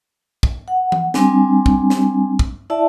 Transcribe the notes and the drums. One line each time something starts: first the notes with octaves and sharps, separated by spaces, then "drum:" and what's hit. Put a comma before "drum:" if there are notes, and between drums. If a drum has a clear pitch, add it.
drum: kick
F#5
drum: tom E3
G3 C4 D4 G#5, drum: snare
drum: kick
drum: snare
drum: kick
E4 D5 E5 A5